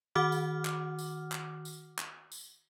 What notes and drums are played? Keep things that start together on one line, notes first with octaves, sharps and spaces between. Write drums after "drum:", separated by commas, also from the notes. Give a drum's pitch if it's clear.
D#3 F#4 F#5 D6 F6
drum: tambourine
drum: clap
drum: tambourine
drum: clap
drum: tambourine
drum: clap
drum: tambourine